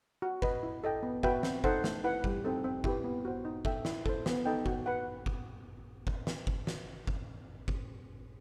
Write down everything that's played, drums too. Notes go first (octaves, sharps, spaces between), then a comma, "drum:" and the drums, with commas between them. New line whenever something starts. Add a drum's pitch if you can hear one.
F#4
B4 D#5, drum: kick G1
E4
A4 D#5 G5
B3
F#4 B4 E5 G5, drum: kick G1
C4, drum: snare
D#4 A4 C5 F#5, drum: kick G1
A3, drum: snare
E4 B4 F#5
G3, drum: kick G1
C4 D#4 A4
C4
E4 G4 B4, drum: kick G1
B3
F#4 C5
D#4
A4 E5 G5, drum: kick G1
E4, drum: snare
A4 C5, drum: kick G1
B3, drum: snare
D#4 A4 D#5 G5
F#4, drum: kick G1
B4 F#5
drum: kick G1
drum: kick G1
drum: snare
drum: kick G1
drum: snare
drum: kick G1
drum: kick G1